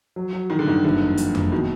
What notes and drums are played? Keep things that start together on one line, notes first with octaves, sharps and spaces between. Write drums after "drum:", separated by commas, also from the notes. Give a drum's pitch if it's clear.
F#3
F#3
D#3 F#3
D3
G2 D#3
F#1 D3
F2
F2, drum: hi-hat
F#1, drum: tom F2
B2 D#3